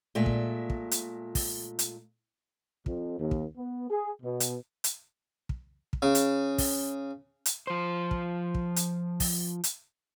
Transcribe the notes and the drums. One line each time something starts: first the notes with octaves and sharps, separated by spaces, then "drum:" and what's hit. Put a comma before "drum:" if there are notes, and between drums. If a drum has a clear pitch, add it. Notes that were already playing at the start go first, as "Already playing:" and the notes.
A#2 G#3 A3 E5
drum: kick
drum: kick
drum: hi-hat
drum: kick, open hi-hat
drum: hi-hat
F2, drum: kick
D#2
drum: kick
B3
G#4
B2
drum: hi-hat
drum: hi-hat
drum: kick
drum: kick
C#3
drum: hi-hat
drum: kick, open hi-hat
drum: hi-hat
F3 C5
drum: kick
drum: kick
drum: hi-hat
drum: kick, open hi-hat
drum: hi-hat